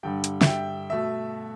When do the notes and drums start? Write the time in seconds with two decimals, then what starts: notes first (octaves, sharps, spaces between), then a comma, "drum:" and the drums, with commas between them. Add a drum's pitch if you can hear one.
0.03 G2 D3 G3 G5
0.24 drum: hi-hat
0.41 E5, drum: snare
0.47 G5
0.90 B2 A3 E5